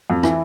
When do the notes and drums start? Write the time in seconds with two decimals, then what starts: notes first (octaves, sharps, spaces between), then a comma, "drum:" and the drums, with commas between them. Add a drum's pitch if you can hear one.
0.10 F2
0.23 E3 E4, drum: rim click